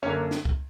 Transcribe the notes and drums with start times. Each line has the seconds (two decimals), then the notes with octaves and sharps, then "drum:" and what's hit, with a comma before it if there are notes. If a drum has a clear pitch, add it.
0.02 F#2 D3 A#3 C#4 D4 C#5
0.31 drum: snare
0.45 drum: kick C#2